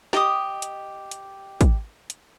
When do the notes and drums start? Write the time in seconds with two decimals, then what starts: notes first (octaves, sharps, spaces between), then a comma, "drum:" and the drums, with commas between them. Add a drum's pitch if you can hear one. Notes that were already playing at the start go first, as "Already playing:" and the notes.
0.13 G4 D#5 D6 D#6, drum: snare
0.62 drum: hi-hat
1.11 drum: hi-hat
1.61 drum: kick, hi-hat
2.10 drum: hi-hat